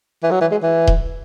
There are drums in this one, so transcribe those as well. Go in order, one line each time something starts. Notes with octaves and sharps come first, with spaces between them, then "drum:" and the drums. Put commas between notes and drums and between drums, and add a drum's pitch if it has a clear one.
E3
F#3
E3
G#3
E3
drum: kick D#1